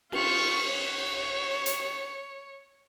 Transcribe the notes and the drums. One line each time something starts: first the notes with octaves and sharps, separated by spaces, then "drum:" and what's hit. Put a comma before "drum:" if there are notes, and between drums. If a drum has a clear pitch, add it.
F4 C#6, drum: cymbal
C#5
drum: hi-hat